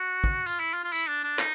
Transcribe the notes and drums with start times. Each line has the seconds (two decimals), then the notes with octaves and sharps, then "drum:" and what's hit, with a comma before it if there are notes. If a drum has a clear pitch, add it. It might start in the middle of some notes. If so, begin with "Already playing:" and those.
Already playing: F#4
0.24 drum: kick
0.46 F4, drum: tambourine
0.60 E4
0.73 F4
0.84 F4
0.92 E4, drum: tambourine
1.08 D4
1.24 D4
1.39 D#4, drum: clap